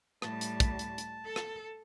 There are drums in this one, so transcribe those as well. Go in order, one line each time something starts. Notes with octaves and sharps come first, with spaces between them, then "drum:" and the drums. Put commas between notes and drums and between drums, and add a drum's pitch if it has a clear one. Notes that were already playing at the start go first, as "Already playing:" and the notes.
A2 G3 A5, drum: rim click
drum: hi-hat
drum: kick, hi-hat
drum: hi-hat
drum: hi-hat
A4
drum: rim click